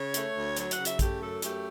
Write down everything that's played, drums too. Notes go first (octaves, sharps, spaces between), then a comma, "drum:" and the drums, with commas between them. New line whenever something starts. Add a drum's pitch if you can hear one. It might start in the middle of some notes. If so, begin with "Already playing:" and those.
Already playing: C#3 C#5
A3, drum: hi-hat
D2
F#3 C#5, drum: hi-hat
F#5, drum: hi-hat
C#3
E5, drum: hi-hat
A3 G4, drum: kick, hi-hat
F#2 A4
A3 G4, drum: hi-hat